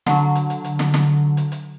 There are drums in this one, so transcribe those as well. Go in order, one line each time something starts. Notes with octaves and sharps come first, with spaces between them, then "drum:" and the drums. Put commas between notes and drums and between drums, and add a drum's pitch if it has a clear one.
D3 F#3, drum: snare
drum: hi-hat
drum: hi-hat
drum: hi-hat
drum: snare
drum: snare
drum: hi-hat
drum: hi-hat